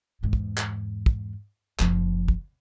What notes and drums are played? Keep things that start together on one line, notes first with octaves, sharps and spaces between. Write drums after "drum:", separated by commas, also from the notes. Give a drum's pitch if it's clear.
E2 G#2
drum: kick
drum: clap
drum: kick
F#1 F3, drum: clap
drum: kick